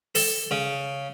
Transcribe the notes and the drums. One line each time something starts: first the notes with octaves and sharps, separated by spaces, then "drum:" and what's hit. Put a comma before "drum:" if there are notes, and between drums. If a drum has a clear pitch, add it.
A4, drum: open hi-hat
C#3